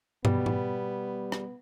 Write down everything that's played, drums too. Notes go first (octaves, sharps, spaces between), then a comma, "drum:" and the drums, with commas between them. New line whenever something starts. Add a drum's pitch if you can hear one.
B2 G3 B3, drum: tom
drum: tom G#2
drum: rim click